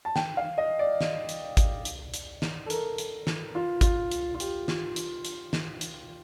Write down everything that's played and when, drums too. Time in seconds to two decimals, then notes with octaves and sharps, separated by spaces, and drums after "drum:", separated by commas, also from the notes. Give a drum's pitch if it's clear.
0.05 A5
0.16 G5, drum: snare
0.37 F5
0.58 D#5
0.79 D5
1.01 drum: snare
1.29 drum: hi-hat
1.57 drum: kick G#1, hi-hat
1.85 drum: hi-hat
2.14 drum: hi-hat
2.42 drum: snare
2.66 A4
2.70 A#4, drum: hi-hat
2.98 drum: hi-hat
3.27 drum: snare
3.55 F4
3.81 F4, drum: kick G#1, hi-hat
4.11 drum: hi-hat
4.35 F4
4.40 G4, drum: hi-hat
4.68 drum: snare
4.96 drum: hi-hat
5.25 drum: hi-hat
5.53 drum: snare
5.81 drum: hi-hat